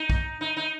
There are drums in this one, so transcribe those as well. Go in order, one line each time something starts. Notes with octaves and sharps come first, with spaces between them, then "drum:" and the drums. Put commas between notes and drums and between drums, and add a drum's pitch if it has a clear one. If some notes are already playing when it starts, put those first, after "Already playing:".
Already playing: D#4
drum: kick
D#4
D#4